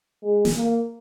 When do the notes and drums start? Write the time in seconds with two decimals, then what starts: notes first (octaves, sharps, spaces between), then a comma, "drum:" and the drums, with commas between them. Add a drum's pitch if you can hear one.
0.23 G#3
0.45 drum: snare
0.56 A#3